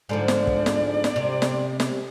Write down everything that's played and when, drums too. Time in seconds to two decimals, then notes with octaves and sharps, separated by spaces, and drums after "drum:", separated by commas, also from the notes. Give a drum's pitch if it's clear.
0.09 G#2 D3 F3 D5
0.28 drum: snare
0.47 drum: kick
0.66 drum: snare
1.04 drum: snare
1.16 C3
1.42 drum: snare
1.80 drum: snare